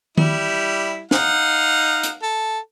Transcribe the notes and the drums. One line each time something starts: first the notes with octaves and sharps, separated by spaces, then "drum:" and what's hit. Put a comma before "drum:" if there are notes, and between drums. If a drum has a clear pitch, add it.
G3 E4 G4, drum: tom D#3
D#4 F5 F#5, drum: snare
drum: hi-hat
A4